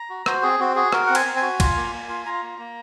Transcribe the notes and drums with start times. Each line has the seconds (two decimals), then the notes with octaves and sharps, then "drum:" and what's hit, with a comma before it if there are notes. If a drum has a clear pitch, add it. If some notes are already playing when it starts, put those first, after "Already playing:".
Already playing: A#5
0.10 F#4
0.26 F#4 C5, drum: rim click
0.42 C4 G#4
0.60 C4 F#4
0.76 F#4 G#4
0.92 F#4 A#4, drum: rim click
1.06 C4 F#5
1.15 G#5, drum: cymbal
1.26 C4
1.37 G#5
1.42 F#4
1.60 F4, drum: kick, cymbal
1.76 A#3
1.92 A#3
2.09 F4
2.26 F4 A#5
2.42 A#3
2.59 A#3